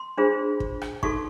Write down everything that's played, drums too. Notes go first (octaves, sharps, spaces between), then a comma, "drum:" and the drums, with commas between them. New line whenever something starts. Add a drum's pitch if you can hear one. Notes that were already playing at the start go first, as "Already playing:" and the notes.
Already playing: C6
D4 F4 G#4 C5
drum: kick
drum: rim click
D#4 F#4 A4 C#6, drum: kick